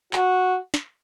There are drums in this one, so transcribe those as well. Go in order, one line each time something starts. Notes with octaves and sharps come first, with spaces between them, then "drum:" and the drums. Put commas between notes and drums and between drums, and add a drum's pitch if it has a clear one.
F#4, drum: clap
drum: snare